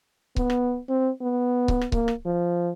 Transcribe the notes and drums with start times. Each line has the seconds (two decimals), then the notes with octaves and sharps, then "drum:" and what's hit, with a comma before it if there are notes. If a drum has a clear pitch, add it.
0.36 B3, drum: kick C#1
0.50 drum: rim click
0.89 C4
1.22 B3
1.68 drum: kick C#1
1.81 drum: rim click
1.92 A#3, drum: kick C#1
2.08 drum: rim click
2.26 F3